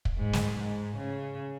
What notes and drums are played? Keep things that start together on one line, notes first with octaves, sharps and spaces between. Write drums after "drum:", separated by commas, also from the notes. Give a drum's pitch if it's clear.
drum: kick
G#2
drum: snare
G#2
C#3